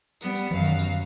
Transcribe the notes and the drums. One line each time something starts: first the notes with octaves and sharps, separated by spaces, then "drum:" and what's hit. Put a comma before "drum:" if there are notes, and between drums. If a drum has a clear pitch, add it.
G3 B3, drum: tambourine
drum: tambourine
F#2 F5, drum: tom D3
drum: tambourine
drum: tambourine